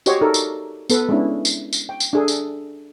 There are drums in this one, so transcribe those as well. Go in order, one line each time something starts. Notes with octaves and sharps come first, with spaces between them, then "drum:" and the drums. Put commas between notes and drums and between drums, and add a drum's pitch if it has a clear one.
F#4 G4 C5 C#5 D#5 G5, drum: tambourine
D#4 A4 A#4 D5
drum: tambourine
B3 A4 B4, drum: tambourine
G#3 B3 C#4 D4 E4
drum: tambourine
drum: tambourine
G5
drum: tambourine
D4 G#4 A4
drum: tambourine